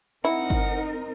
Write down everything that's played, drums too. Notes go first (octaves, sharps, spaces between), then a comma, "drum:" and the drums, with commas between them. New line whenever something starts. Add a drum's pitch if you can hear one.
C4 D#4 E4 A#4 F#5
drum: kick G1